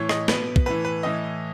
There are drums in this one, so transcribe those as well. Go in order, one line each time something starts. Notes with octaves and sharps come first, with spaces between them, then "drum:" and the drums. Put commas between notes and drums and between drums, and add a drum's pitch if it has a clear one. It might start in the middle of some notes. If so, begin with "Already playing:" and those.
Already playing: A2 E3 C#5
D#5, drum: rim click
B2 B4, drum: snare
drum: kick
A2 E3 B4
B4
A2 E3 D#5